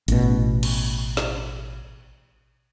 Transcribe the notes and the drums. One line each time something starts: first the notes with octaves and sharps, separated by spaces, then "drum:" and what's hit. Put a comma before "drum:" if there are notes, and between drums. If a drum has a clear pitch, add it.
A1 B2, drum: hi-hat
drum: cymbal
drum: snare